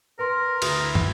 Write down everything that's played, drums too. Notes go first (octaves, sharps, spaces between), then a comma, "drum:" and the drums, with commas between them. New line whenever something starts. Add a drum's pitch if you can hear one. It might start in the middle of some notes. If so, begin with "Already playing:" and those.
A#4 B4 C6
D2 D#6, drum: cymbal
E4
drum: tom